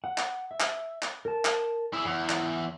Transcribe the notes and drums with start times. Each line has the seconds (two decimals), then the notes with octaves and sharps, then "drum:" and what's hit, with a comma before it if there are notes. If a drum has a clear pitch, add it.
0.04 F#5
0.18 drum: clap
0.51 E5
0.60 drum: clap
1.02 drum: clap
1.25 A#4 A5
1.45 drum: clap
1.93 E4 G#4
2.05 E2 F#5
2.29 drum: clap